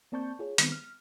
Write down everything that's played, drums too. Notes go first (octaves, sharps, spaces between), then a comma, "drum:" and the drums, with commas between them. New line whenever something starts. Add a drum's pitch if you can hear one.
A#3 C4 D5 A5 C#6 G6
F4 G#4 C#5
D#3 G3 G#3 B3 C4, drum: hi-hat
F6